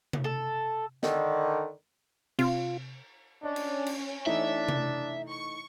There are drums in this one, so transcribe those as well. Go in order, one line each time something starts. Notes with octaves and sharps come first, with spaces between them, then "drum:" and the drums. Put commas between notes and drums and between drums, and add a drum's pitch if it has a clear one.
drum: tom C3
A4
D3 D#3, drum: snare
C3 F4, drum: cymbal
C#4 D4 D#5
drum: cymbal
drum: cymbal
E3 A3 D4 D#4 E5
drum: tom C3
C#6